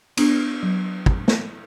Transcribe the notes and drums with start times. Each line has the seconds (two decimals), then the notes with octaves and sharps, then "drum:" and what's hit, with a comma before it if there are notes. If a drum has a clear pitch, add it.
0.17 B3 D4, drum: cymbal
0.63 F#3
1.06 drum: kick
1.28 drum: snare